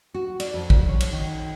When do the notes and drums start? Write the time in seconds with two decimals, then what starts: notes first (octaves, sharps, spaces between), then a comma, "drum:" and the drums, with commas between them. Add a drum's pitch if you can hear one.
0.14 F#4
0.40 D5, drum: cymbal
0.54 F2
0.70 drum: kick
0.89 C#5
1.00 drum: cymbal
1.12 D#3